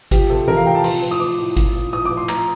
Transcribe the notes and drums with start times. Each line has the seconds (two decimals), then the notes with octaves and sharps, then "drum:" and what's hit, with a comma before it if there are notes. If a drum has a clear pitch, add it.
0.11 F3 G4, drum: kick G#1, hi-hat
0.29 C3 A4
0.47 C3 A#4, drum: tom E3
0.57 F5
0.66 F3 G5
0.75 A5
0.84 F3 C6, drum: open hi-hat
1.02 F3
1.11 D#6
1.20 F3 D6
1.38 A2
1.56 A#2, drum: kick G#1, hi-hat
1.75 A#2
1.93 F3 D#6
2.05 D6
2.11 F3
2.17 C6
2.29 F3 A#5, drum: clap